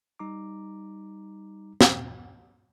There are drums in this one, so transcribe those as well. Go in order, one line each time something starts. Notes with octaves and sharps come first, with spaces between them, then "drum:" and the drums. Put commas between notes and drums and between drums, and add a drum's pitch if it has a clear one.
G3 D#4 A#5 D6
drum: snare